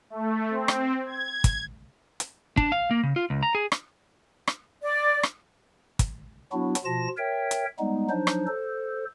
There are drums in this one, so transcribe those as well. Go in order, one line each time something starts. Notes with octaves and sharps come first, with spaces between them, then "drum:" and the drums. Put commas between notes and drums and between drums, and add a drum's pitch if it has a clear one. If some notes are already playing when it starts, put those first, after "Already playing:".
A3
C4
drum: rim click
G#6
drum: kick, hi-hat
drum: hi-hat
D4, drum: kick
F5
A#3
C#3
F4
C#2
A#5
G#4
drum: rim click
drum: rim click
D5
drum: rim click
drum: kick, hi-hat
F#3 B3 D4 E4 F#4
drum: hi-hat
B2 F3 F4 A5 A#6
A#4 C#5 E5 G5
drum: hi-hat
G3 G#3 B3 D#4
F3 F#3 D4 D#4 C5
drum: rim click
A4 C5